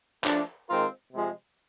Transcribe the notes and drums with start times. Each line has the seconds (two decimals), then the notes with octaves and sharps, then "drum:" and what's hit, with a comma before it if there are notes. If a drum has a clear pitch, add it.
0.24 F3 A3 D4, drum: clap
0.69 D#3 G#3 C4 F4 A#4
1.13 C3 F3 G#3